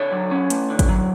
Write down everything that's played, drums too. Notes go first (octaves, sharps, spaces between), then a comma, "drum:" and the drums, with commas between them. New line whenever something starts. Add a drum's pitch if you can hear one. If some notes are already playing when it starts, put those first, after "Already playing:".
Already playing: D3 A4 C#5
F#3
C#4
A3, drum: hi-hat
D3
drum: kick, hi-hat
F#3